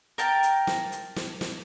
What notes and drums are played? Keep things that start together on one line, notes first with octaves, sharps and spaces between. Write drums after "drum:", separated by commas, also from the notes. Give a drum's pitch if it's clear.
A#4 G5 A5, drum: hi-hat
drum: hi-hat
drum: snare
drum: hi-hat
drum: snare
drum: snare